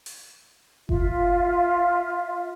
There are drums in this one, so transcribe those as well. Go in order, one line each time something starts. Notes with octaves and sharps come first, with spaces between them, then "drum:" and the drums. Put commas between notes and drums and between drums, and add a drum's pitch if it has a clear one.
drum: open hi-hat
F4 E5, drum: kick F#1